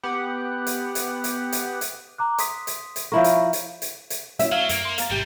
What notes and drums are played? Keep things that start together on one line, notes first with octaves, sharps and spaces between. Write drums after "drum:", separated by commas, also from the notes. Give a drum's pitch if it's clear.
B3 G4 F#5
drum: hi-hat
drum: hi-hat
drum: hi-hat
drum: hi-hat
drum: hi-hat
A#5 D6 F#6
C6 D#6 B6, drum: hi-hat
drum: hi-hat
drum: hi-hat
F3 E4 A#4 C#5 B5 C#6
drum: hi-hat
drum: hi-hat
drum: hi-hat
drum: hi-hat
F#3 C#4 E4 E5, drum: hi-hat
F#3 F5
F#2 A#3, drum: hi-hat
C6 C#7
F5 A#5 A6, drum: hi-hat
G#1 C3 G3 G4 G5